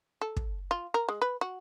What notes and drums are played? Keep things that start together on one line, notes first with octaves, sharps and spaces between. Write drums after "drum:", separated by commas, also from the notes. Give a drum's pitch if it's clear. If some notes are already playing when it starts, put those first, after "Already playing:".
A4
drum: kick
F4
A#4
G#3
B4
F#4